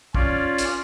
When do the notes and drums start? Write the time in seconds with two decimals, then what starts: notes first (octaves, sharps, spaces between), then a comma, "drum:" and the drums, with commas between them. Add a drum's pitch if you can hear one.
0.15 C#4 F4 D5, drum: kick
0.58 drum: hi-hat